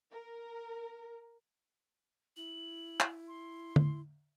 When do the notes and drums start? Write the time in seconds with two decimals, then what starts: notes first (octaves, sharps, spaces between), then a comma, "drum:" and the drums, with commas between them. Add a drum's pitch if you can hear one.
0.12 A#4
2.37 E4 F#7
3.00 drum: clap
3.28 C6
3.76 drum: tom D3